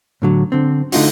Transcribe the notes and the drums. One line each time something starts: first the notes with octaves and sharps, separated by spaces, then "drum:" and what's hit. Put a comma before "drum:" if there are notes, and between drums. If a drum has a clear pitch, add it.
A2 D3 F#3
D3 C4
D3 A3 D#4 F4 F#4, drum: open hi-hat